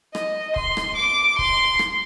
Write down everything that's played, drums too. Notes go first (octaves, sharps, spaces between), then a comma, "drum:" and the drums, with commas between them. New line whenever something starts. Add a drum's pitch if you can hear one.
D#5, drum: rim click
C6, drum: kick C#1
drum: rim click
D6
C6, drum: kick C#1
drum: rim click